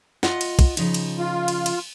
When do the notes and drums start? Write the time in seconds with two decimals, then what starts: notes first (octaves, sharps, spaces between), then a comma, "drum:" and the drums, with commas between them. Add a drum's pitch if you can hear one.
0.23 F4 D#5 F#5, drum: snare
0.41 drum: cymbal
0.59 drum: kick, cymbal
0.77 C#3 F3 D#4, drum: cymbal
0.94 drum: cymbal
1.19 F4
1.48 drum: cymbal
1.66 drum: cymbal